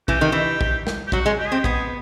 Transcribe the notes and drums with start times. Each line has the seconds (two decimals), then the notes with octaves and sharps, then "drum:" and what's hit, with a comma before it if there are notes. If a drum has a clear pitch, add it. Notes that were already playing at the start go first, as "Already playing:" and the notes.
0.08 E3 G4, drum: kick
0.21 D#3
0.32 E3
0.61 drum: kick
0.87 drum: snare
1.07 G4
1.12 F#3 F#4, drum: kick
1.26 G#3
1.38 G4
1.47 G#4
1.52 C4 G4
1.64 B3 G#4, drum: kick